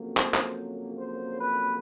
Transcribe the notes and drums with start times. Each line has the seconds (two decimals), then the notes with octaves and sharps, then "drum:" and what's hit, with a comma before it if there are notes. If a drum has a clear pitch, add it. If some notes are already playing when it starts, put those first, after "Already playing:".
Already playing: F2 C#3 F#3 A#3
0.17 C5, drum: clap
0.34 drum: clap
0.99 C5
1.41 B4